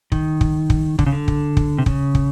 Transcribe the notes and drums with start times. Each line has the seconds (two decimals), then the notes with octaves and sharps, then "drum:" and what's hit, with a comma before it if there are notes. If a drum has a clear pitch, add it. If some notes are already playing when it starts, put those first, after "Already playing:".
0.12 D#3, drum: kick
0.41 drum: kick
0.70 drum: kick
0.99 D3, drum: kick
1.06 C#3
1.12 D3
1.28 drum: kick
1.57 drum: kick
1.78 C3
1.86 C#3, drum: kick
2.15 drum: kick